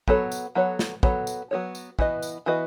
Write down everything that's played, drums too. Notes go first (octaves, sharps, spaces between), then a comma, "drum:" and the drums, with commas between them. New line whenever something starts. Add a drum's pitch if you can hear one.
F#3 B3 F#4 A4 C#5, drum: kick
drum: tambourine
F#3 B3 F#4 A4 C#5
drum: snare
F#3 B3 F#4 A4 C#5, drum: kick
drum: tambourine
F#3 B3 F#4 A4 C#5
drum: tambourine
E3 B3 F#4 B4 D#5, drum: kick
drum: tambourine
E3 B3 F#4 B4 D#5